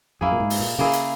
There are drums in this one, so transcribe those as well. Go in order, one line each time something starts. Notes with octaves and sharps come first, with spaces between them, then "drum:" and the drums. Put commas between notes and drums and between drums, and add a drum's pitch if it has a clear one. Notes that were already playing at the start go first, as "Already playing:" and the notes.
F#2 A#3 E4 G#4
A#2
G#2
drum: open hi-hat
A#2
C#3 A#3 E4 G#4
drum: hi-hat